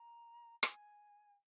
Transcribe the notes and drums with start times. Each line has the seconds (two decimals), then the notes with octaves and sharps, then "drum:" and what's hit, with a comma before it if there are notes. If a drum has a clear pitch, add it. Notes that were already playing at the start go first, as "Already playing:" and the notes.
Already playing: A#5
0.63 G#5, drum: rim click